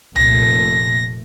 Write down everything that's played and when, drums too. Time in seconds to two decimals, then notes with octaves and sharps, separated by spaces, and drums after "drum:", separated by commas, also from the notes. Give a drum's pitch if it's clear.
0.16 F1 A#2 A3 A#6, drum: tom C2